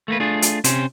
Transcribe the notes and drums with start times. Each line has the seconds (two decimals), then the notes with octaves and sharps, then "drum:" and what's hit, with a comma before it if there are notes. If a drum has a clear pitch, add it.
0.08 A3 A#3 B4
0.20 A3 D4 F4 G#4
0.42 drum: hi-hat
0.64 C3 C#4 C5, drum: hi-hat